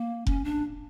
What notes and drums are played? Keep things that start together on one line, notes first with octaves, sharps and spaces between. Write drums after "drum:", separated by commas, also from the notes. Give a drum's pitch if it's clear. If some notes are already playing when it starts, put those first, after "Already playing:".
Already playing: A#3
C#4, drum: kick F1
D4